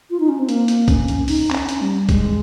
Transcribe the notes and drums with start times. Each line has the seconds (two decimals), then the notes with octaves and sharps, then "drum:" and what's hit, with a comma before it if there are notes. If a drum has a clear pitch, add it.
0.10 F4
0.20 D#4
0.29 C#4
0.39 C4
0.49 A#3, drum: hi-hat
0.68 drum: hi-hat
0.88 C#4, drum: kick C2, hi-hat
1.08 drum: hi-hat
1.28 D#4, drum: open hi-hat
1.51 C4, drum: clap
1.55 C#4
1.69 drum: hi-hat
1.81 G3
2.09 G#3, drum: kick C2, hi-hat